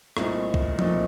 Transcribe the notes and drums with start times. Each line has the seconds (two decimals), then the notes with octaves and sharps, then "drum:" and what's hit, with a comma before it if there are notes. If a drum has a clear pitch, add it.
0.17 C2 A#2 A3 C4 D#4, drum: rim click
0.54 drum: kick
0.79 A#2 A3 C4 D#4, drum: tom F3